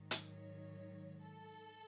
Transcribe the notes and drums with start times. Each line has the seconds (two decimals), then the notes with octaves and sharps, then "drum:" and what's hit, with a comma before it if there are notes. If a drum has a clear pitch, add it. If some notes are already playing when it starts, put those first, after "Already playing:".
Already playing: G#2 D#3 F#3
0.11 C#5, drum: hi-hat
1.20 A4